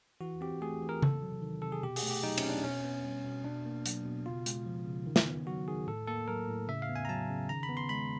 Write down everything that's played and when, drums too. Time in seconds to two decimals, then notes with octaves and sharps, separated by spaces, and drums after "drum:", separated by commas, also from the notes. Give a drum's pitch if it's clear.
0.21 E3 F#4
0.41 C4 G4
0.61 A3 G#4
0.82 E3
0.89 A#4
1.02 C3 A4, drum: tom C#3
1.22 F#3
1.42 D#3
1.62 C3 A4
1.72 G#4
1.83 B2 G4
1.96 G#4, drum: open hi-hat
2.03 A3
2.10 G4
2.23 F#3 D#4
2.38 C#4, drum: cymbal
2.44 C4
2.50 D4
2.64 B2 C#4
2.84 B3
3.04 G3
3.25 B2
3.44 B2 D4
3.65 A#3
3.86 F#3, drum: hi-hat
4.05 B2
4.26 C#3 F4
4.46 G#3, drum: hi-hat
4.66 F3
4.86 C#3
5.06 D#3
5.16 drum: snare
5.26 B3
5.47 F#3 F#4
5.68 D#3 G#4
5.87 A2 A4
6.07 A#3 A4
6.28 F#3 A#4
6.48 A2
6.68 C#3 E5
6.82 F5
6.89 B3
6.96 G#5
7.05 A#5
7.09 F#3 A5
7.30 C#3
7.49 D#3 A#5
7.63 B5
7.69 B3
7.77 C6
7.89 G#3 B5